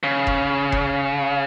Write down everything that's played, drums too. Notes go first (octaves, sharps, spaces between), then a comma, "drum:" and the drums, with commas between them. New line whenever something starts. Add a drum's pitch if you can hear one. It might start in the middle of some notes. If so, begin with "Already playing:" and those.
C#3
drum: kick F1
drum: kick F1